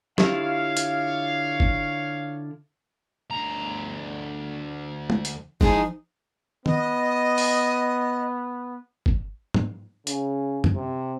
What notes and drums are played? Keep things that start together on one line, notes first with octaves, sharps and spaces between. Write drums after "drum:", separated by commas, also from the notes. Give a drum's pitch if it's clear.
D3 E4 F4 G4 C#5 F5, drum: snare
drum: hi-hat
drum: kick G1
D2 A#5
drum: tom
drum: hi-hat
F3 G#3 D#4 E4 G#4, drum: kick G1
B3 D#5, drum: tom
drum: open hi-hat
drum: kick G1
drum: tom
C#3, drum: hi-hat
drum: tom
C3